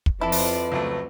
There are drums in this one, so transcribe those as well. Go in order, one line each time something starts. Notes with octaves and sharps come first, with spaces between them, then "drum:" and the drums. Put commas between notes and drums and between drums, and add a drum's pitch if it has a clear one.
drum: kick
F2 F3 E4 A4 B4 D5
drum: open hi-hat
C#2 F#3 A3